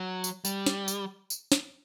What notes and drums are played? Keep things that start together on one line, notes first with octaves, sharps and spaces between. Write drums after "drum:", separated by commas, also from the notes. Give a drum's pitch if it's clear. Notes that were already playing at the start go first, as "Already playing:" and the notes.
Already playing: F#3
drum: tambourine
G3, drum: tambourine
drum: snare
drum: tambourine
drum: tambourine
drum: snare